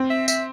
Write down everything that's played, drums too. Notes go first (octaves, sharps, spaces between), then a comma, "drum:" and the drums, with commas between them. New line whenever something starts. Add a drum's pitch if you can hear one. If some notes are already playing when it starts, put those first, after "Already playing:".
Already playing: C4
E5
E5, drum: tambourine